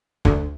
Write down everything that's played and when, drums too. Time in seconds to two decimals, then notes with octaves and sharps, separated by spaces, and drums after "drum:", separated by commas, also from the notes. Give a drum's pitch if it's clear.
0.25 D2, drum: kick